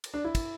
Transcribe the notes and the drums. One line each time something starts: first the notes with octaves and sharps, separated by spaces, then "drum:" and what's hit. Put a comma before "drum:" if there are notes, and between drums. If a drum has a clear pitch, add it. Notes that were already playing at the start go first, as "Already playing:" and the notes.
drum: cymbal
D4
E4
drum: kick, cymbal